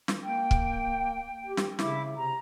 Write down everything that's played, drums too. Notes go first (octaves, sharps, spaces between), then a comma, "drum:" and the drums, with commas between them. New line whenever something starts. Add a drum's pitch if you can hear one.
drum: snare
A#3 G5
drum: kick
G4
drum: snare
C#3 E4 D6, drum: snare
C3 A#5